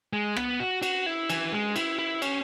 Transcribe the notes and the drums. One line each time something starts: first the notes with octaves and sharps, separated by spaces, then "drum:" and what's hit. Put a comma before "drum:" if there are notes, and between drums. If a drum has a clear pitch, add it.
G#3
B3, drum: rim click
F#4
F#4, drum: cymbal
E4
E3, drum: cymbal
G#3
E4, drum: cymbal
E4
C#4, drum: cymbal